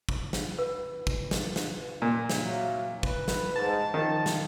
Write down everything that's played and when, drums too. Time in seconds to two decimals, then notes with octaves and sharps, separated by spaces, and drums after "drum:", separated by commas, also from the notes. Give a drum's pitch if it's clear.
0.09 drum: kick
0.33 drum: snare
0.59 B4
1.07 drum: kick
1.31 drum: snare
1.56 drum: snare
2.02 A#2
2.30 drum: snare
2.44 F#3 E5 F5
3.03 B4, drum: kick
3.28 drum: snare
3.56 G#2 A5
3.94 D#3 F3
4.26 drum: snare